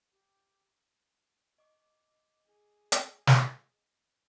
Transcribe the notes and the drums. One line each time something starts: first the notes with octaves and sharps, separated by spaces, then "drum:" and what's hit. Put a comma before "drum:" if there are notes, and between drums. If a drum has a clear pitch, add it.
G4
D#5 D6
G#4
drum: hi-hat
drum: snare